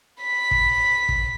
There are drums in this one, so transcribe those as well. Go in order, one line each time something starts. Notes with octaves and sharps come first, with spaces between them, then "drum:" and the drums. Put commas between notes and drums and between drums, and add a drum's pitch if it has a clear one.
B5 B6
drum: kick
drum: kick